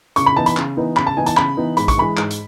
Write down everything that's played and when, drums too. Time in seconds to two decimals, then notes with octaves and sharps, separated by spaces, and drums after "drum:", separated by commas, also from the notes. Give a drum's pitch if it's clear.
0.16 C#3 C#6, drum: hi-hat
0.26 B5
0.36 E3 B3 D#4 A5
0.46 B5, drum: hi-hat
0.57 C#3, drum: clap
0.77 E3 B3 D#4
0.96 C#3 B5, drum: clap
1.07 A5
1.17 E3 B3 D#4 G#5
1.26 A5, drum: hi-hat
1.37 C#3 B5, drum: clap
1.57 E3 B3 D#4
1.77 G#2 B5, drum: hi-hat
1.88 C#6, drum: kick, hi-hat
1.98 E3 G#3 B5
2.17 G#2, drum: clap
2.31 drum: hi-hat